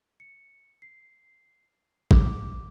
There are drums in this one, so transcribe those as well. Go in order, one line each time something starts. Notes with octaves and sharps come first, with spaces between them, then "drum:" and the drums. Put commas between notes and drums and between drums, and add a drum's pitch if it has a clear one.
C#7
C7
D6, drum: kick